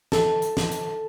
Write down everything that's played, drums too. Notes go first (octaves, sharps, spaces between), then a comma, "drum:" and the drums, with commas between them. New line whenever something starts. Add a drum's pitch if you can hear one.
A4 A5, drum: snare
drum: hi-hat
drum: snare
drum: hi-hat